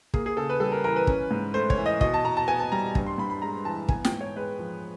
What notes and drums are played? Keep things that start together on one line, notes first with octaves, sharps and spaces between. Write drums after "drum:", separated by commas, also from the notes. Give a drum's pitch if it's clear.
A#3 G#4, drum: kick
G#4
C#3 A4
B4
G3 A4
A#4
E3 A#4
B4
C#4, drum: kick
G#2
A3 C5
C#5, drum: kick
E3
D#5
B2 D#5, drum: kick
A5
B2 A#5
A5
B3 G#5
A5
G3 A#5
G2, drum: kick
C6
G2 B5
B5
G#3 A#5
E3 A5
B3 G#5, drum: kick
G5, drum: snare
G#2
C#5
G#3 B4
F3